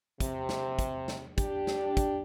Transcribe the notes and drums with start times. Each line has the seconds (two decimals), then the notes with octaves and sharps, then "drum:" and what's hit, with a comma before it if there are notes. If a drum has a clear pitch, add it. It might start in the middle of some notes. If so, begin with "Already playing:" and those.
0.20 C3, drum: kick, hi-hat
0.49 drum: snare
0.79 drum: kick, hi-hat
1.08 drum: snare
1.38 D4 G4, drum: kick, hi-hat
1.67 drum: snare
1.97 drum: kick, hi-hat